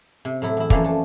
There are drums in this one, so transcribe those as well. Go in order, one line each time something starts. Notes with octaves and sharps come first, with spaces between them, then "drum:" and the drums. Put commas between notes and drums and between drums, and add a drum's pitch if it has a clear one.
C3
A2 F#3 E4
E2 E4
F#2 E3 F3 A#3 C#4 D5, drum: kick
A3